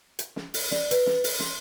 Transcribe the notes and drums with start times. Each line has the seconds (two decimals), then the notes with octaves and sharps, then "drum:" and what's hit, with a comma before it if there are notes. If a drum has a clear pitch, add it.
0.19 drum: hi-hat
0.36 drum: snare
0.54 drum: open hi-hat
0.71 D5, drum: snare
0.91 B4, drum: hi-hat
1.06 drum: snare
1.24 drum: open hi-hat
1.40 C6, drum: snare